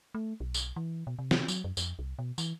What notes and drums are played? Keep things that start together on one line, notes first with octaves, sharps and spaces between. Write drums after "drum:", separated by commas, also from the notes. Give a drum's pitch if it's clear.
A3
B1
drum: tambourine
E3
B2
C3
drum: snare
F#3, drum: tambourine
F#2
F2, drum: tambourine
C2
B2
E3, drum: tambourine